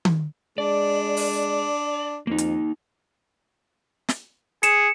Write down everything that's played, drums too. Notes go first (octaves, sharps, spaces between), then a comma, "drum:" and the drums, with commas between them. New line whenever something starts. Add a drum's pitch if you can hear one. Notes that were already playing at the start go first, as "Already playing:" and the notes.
drum: tom D#3
G#3 D4 D5
drum: open hi-hat
F2 A#3 D#4
drum: hi-hat
drum: snare
G#4 C#7 E7, drum: hi-hat